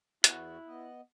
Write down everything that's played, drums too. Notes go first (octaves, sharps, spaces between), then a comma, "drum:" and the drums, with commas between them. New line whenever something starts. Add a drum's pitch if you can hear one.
E2 B3 E4 F#4 F#6, drum: hi-hat
B3 D#5